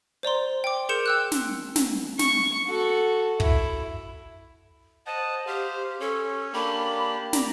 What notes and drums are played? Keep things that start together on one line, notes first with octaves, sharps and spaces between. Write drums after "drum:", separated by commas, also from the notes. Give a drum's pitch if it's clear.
C5 D5 A#5 C6
G5 D6
G#4 A#4 C6 G6 C#7 E7
G5 E6 F#6
drum: snare
drum: snare
C#6, drum: snare
F#4 A4
E4, drum: kick
C5 D#5 F#5 A5
G4 C5 F5
C#4 A4 C#5
A#3 D4 G4 B5
D5 A#5 B5, drum: snare